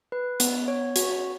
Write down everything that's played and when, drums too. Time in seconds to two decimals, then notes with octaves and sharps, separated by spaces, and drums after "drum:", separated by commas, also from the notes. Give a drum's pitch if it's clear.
0.12 B4
0.40 B3, drum: hi-hat
0.68 C#5
0.96 F#4, drum: hi-hat